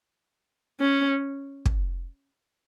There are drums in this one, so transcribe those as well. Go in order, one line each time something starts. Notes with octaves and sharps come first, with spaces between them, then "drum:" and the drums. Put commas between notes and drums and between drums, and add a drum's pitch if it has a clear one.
C#4
drum: kick